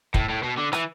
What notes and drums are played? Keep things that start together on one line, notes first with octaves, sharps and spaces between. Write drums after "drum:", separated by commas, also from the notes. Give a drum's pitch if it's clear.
A2, drum: kick
A2
B2
D3
E3, drum: rim click